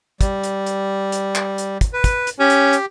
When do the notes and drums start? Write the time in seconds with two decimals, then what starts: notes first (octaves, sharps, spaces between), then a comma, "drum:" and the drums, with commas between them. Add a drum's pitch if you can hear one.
0.21 G3, drum: kick, hi-hat
0.44 drum: hi-hat
0.66 drum: hi-hat
1.12 drum: hi-hat
1.35 drum: clap
1.58 drum: hi-hat
1.81 drum: kick, hi-hat
1.93 B4
2.04 drum: kick, hi-hat
2.27 drum: hi-hat
2.40 C#4 G4
2.50 drum: hi-hat
2.73 drum: hi-hat